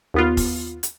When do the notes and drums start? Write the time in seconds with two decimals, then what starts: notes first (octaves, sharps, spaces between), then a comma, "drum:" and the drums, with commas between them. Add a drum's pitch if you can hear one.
0.14 D#2 B3 F4
0.37 drum: kick F1, open hi-hat
0.83 drum: hi-hat